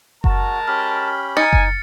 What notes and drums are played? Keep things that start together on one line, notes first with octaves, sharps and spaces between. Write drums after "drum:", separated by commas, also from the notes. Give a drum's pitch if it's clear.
G#3 F#4 A#4 A5, drum: kick F#1
C#4 G4 B5 F6
D#4 G#5 A6 C#7
drum: kick F#1